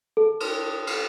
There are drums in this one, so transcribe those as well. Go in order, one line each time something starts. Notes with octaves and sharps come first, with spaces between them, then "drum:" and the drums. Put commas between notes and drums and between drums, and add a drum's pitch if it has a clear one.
A4
drum: cymbal
drum: cymbal